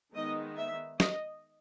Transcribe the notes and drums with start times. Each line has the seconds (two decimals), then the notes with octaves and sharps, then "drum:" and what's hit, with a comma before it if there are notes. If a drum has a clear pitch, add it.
0.14 D#3 G#3 B3 D#4 D#5
0.57 E5
1.00 D#5, drum: snare